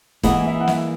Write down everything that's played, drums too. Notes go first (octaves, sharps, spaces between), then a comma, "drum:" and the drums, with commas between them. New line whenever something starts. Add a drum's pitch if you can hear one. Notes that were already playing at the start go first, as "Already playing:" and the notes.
E3 A#3 E4 G#4 D#5 F#5, drum: kick D#1, hi-hat
E5
F#5
E5, drum: snare